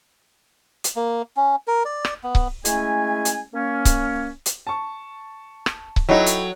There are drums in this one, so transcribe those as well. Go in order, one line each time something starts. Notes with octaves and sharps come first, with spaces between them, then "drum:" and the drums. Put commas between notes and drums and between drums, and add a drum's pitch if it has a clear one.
drum: hi-hat
A#3
C#4
A#4
D5
drum: rim click
B3
drum: kick C#1
G#3 A3 C#4 E4 G#5, drum: hi-hat
drum: hi-hat
A#3 C#4
drum: kick C#1, hi-hat
drum: hi-hat
A5 C#6
drum: rim click
drum: kick C#1
F#3 D#4 E4 A4 C#5 D#5 G5
drum: hi-hat